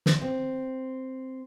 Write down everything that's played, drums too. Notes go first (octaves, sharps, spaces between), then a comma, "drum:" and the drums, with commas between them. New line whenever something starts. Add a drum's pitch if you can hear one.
drum: snare
C4